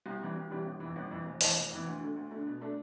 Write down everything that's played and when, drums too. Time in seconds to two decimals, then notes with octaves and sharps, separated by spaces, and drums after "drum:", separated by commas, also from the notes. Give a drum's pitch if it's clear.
0.06 C2
0.20 C3 E3 G3
0.36 C2
0.51 C3 E3 G3
0.66 G1
0.80 F2 E3
0.96 G1
1.11 F2 E3
1.26 F1
1.41 F2 E3, drum: open hi-hat
1.56 F1
1.71 F2 E3
1.86 D2
2.01 D3 A3
2.16 D2
2.31 D3 A3
2.46 B2
2.61 A3 D4